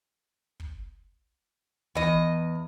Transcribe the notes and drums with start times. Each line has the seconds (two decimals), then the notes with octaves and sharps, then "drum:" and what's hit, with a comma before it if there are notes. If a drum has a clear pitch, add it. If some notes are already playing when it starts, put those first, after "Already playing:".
0.60 drum: kick
1.95 E2 D#5, drum: kick